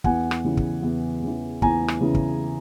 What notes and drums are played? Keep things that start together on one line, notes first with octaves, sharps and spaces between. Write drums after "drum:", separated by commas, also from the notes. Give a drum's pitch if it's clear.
E2 F#5 G#5, drum: kick
drum: rim click
C#3 E3
drum: kick
E2
C#3 E3
E2 G#5 A#5, drum: kick
drum: rim click
C#3 E3
drum: kick